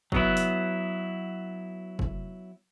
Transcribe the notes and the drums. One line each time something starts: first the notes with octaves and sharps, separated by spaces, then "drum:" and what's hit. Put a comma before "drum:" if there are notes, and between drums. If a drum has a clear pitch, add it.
F#3 B3 E4, drum: kick
drum: hi-hat
drum: kick